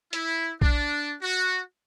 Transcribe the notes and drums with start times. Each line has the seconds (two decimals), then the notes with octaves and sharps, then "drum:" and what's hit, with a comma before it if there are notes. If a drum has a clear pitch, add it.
0.13 E4, drum: hi-hat
0.61 D4, drum: kick A#1
1.22 F#4